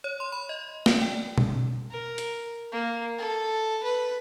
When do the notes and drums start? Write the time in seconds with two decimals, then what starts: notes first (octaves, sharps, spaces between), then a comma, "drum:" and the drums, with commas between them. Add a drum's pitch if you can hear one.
0.04 C#5
0.20 C6
0.32 B5
0.49 D#5
0.86 D5, drum: snare
1.01 G5
1.38 drum: tom B2
1.90 A#4
2.18 drum: hi-hat
2.72 A#3
3.18 A4
3.83 B4